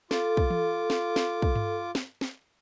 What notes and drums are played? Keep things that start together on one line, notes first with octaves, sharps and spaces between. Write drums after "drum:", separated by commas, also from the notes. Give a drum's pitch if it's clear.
F4 A4 D6, drum: snare
drum: kick
drum: tom E3
drum: snare
drum: snare
drum: kick
drum: tom G2
drum: snare
drum: snare